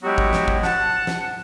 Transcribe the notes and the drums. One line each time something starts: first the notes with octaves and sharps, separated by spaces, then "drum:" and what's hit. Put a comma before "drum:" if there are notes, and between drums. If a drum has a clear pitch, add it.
F#3 G#3 B3 E4 F#4 G4
drum: kick G#1
drum: snare
drum: kick G#1
F#5 A5, drum: snare
drum: snare